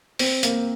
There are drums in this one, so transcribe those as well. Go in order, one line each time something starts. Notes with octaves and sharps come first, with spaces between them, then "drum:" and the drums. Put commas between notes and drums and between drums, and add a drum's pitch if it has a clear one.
C4, drum: open hi-hat
A#3, drum: hi-hat